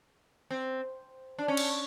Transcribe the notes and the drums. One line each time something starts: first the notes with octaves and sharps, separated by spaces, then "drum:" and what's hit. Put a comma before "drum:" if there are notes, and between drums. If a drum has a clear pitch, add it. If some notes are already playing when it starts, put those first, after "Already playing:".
C4
D4
C#4
drum: cymbal